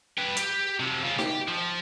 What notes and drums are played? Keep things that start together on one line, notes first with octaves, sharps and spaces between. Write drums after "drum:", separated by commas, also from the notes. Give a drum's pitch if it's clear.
B4 G5
G4, drum: hi-hat
C3 F3
C#3 F4
G4, drum: snare D#4
F3